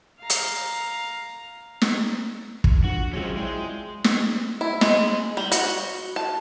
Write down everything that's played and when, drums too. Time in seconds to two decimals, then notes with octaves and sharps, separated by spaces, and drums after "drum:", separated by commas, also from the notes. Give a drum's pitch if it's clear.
0.20 F5 A#5
0.30 drum: hi-hat
1.82 drum: snare
2.64 drum: kick
2.84 D3 F3 F#4
3.13 C#3 F#3 G#3 C4 C#4 F4
3.37 G#3 E4 D5 G5
4.04 drum: snare
4.61 E4
4.81 G#3, drum: snare
5.37 G3
5.52 F#4, drum: hi-hat
6.16 A5